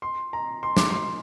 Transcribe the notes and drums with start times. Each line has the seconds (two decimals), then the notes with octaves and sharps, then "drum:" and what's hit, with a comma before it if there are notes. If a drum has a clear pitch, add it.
0.02 C6
0.33 A#5
0.63 C6
0.77 D6, drum: snare
0.91 C6